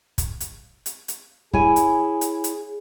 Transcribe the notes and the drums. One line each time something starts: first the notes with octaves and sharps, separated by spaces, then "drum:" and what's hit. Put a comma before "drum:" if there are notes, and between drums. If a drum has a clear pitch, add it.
drum: kick, hi-hat
drum: hi-hat
drum: hi-hat
drum: hi-hat
E4 G#4 C#5 G#5, drum: kick
drum: hi-hat
drum: hi-hat
drum: hi-hat